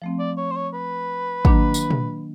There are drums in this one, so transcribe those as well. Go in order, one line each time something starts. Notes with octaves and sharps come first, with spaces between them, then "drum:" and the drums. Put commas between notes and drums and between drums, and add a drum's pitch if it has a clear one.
F3 A3 C4
D5
C#5
C5
C#5
B4
D#3 F#3 A#3 D4, drum: kick
drum: tambourine
drum: tom A#2